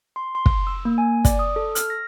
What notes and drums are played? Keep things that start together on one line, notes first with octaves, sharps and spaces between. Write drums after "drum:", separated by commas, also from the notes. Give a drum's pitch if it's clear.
C6
C6
drum: kick
E6
A#3
G#5
D5, drum: kick, hi-hat
D#6
A4
F6, drum: hi-hat
A#6